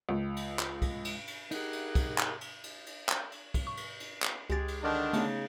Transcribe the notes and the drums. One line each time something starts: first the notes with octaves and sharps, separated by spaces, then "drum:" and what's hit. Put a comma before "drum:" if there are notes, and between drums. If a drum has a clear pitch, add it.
C#2
drum: cymbal
drum: clap
drum: kick, cymbal
drum: cymbal
drum: cymbal
D#4 G4 G#4 A#4 F#5, drum: cymbal
drum: cymbal
drum: kick, cymbal
drum: clap
drum: cymbal
drum: cymbal
drum: cymbal
drum: clap
drum: cymbal
drum: kick, cymbal
C#6
drum: cymbal
drum: cymbal
drum: clap
C#2 G#3 G4 G#4 A6
drum: cymbal
D3 D#3 D4
C#3 A3 B3 D#4, drum: cymbal